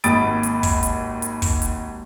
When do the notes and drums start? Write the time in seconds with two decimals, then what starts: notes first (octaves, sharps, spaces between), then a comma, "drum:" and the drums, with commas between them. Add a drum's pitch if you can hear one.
0.04 G#1 D#2 B5 D#6 A6 D7, drum: hi-hat
0.43 drum: hi-hat
0.63 drum: kick, open hi-hat
0.83 drum: hi-hat
1.22 drum: hi-hat
1.42 drum: kick, open hi-hat
1.62 drum: hi-hat